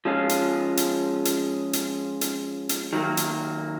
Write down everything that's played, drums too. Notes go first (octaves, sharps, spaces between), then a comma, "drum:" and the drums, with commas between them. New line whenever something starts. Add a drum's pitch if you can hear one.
F3 G#3 C#4 F4
drum: hi-hat
drum: hi-hat
drum: hi-hat
drum: hi-hat
drum: hi-hat
drum: hi-hat
D#3 F#3 A#3
drum: hi-hat